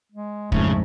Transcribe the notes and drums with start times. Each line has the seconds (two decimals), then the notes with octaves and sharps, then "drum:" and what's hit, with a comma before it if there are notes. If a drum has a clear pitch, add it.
0.12 G#3
0.52 A#1 F2 G#2 C#3 A3, drum: kick